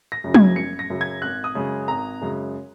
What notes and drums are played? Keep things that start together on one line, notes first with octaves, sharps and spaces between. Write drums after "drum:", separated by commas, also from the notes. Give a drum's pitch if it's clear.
A#6
F#2 C#3 F#3
G#6, drum: tom
F#1 C#7
A#6
F#2 C#3 F#3
G#6
G#1 F#6
D#6
F#2 C#3 G#3
G#1 A#5
F#2 C#3 G#3